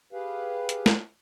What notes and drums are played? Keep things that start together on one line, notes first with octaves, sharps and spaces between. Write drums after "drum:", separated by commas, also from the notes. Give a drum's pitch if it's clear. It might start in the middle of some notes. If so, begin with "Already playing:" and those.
G4 G#4 B4 F5
drum: hi-hat
drum: snare